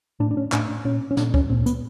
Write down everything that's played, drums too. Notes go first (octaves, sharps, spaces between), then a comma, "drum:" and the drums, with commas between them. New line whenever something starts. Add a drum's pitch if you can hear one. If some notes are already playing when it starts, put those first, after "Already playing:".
A2 D4
D4
C#4
A2 D4, drum: clap
A#2 C#4
C#4
A#2 D4, drum: snare
C#4, drum: kick
A#2 C4
B3, drum: hi-hat